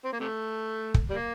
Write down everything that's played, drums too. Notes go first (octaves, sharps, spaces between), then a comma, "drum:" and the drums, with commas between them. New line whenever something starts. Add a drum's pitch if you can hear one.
C4
A#3
C3 A3
drum: kick
G3 A#3